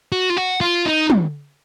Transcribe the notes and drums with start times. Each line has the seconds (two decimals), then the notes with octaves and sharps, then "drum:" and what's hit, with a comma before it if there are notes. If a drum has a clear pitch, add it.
0.12 F#4
0.30 F4
0.37 F#4
0.61 F4
0.86 D#4
1.10 drum: tom